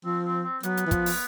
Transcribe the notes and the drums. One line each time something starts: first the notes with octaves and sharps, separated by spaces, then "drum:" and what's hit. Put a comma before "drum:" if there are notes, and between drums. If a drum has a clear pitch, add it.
F3 C4
C4
C4
F#3 B3, drum: hi-hat
drum: hi-hat
E3
F3, drum: kick, hi-hat
drum: open hi-hat